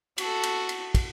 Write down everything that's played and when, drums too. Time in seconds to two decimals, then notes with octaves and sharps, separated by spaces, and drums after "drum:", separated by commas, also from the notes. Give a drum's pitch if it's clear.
0.18 F#4 A4, drum: cymbal
0.43 drum: cymbal
0.69 drum: cymbal
0.95 drum: kick, cymbal